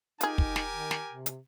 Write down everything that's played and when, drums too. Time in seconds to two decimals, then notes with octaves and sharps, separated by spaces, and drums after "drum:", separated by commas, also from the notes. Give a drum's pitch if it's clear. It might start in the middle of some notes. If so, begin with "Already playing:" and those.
0.21 D#4 F4 G4 G#4 A#4 G#5, drum: hi-hat
0.38 drum: kick
0.56 drum: snare
0.73 D#3
0.91 drum: snare
1.11 C3
1.26 drum: hi-hat